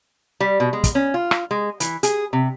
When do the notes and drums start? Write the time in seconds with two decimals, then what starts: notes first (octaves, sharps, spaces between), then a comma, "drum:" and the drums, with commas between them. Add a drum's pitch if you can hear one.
0.40 G3
0.60 B2
0.73 G#3
0.84 drum: kick, hi-hat
0.95 C#4
1.14 F4
1.31 drum: rim click
1.51 G#3
1.80 E3, drum: hi-hat
2.03 G#4, drum: hi-hat
2.33 C3